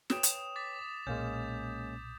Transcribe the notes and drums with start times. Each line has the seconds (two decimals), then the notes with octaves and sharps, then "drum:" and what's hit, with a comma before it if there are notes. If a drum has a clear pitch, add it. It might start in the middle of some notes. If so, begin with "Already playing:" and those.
0.10 B4 C#5 G5 D#6 E7, drum: snare
0.23 drum: hi-hat
0.56 D6 A6 B6
1.07 B1 A#2 G#3 A#3 C#4 G6